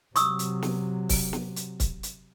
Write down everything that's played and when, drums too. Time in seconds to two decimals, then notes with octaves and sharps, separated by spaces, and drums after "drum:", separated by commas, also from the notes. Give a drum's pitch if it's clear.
0.16 C3 F#3 C#6 D#6 E6, drum: hi-hat
0.39 drum: hi-hat
0.62 drum: snare
1.09 drum: kick C#1, open hi-hat
1.33 drum: snare
1.56 drum: hi-hat
1.80 drum: kick C#1, hi-hat
2.03 drum: hi-hat